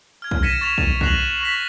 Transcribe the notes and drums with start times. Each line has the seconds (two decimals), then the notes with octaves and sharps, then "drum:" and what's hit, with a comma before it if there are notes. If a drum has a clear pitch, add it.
0.22 F6 G#6
0.31 drum: kick B1
0.42 G#6 A#6 B6 C#7 D#7 E7
0.61 C#6 A6 B6 E7 F7
0.78 drum: kick B1
1.01 F#6 A#6 C7 F7 F#7, drum: kick B1
1.41 C#6 A#6 B6